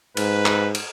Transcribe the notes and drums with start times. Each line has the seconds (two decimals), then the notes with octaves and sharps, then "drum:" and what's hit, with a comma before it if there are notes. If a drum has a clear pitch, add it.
0.17 G#2 B4, drum: cymbal
0.46 drum: clap
0.75 drum: cymbal